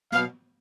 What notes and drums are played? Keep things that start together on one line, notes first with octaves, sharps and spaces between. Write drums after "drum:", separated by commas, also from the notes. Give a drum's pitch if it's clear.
B2 F#3 B3 F5, drum: snare